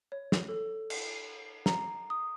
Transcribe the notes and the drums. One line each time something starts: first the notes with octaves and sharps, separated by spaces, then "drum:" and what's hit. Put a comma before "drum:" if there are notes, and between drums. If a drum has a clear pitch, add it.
C#5
drum: snare
A4
drum: cymbal
A#5, drum: snare
D#6